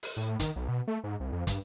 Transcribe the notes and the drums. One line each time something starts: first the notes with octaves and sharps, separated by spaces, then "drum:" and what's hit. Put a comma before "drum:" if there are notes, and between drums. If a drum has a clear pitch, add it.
drum: open hi-hat
A2
D#3, drum: kick, hi-hat
B1
B2
A3
G#2
C2
F2
G2, drum: kick, hi-hat